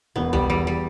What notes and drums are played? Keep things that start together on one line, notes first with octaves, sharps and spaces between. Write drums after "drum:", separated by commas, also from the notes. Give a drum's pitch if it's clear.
E1 B3
G3, drum: tom C2
E2 G3
G3